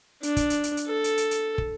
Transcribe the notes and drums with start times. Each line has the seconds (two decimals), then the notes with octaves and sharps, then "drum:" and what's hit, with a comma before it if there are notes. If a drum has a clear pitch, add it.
0.23 D4, drum: hi-hat
0.37 drum: kick, hi-hat
0.50 drum: hi-hat
0.64 drum: hi-hat
0.77 drum: hi-hat
0.87 A4
1.04 drum: hi-hat
1.18 drum: hi-hat
1.31 drum: hi-hat
1.58 drum: kick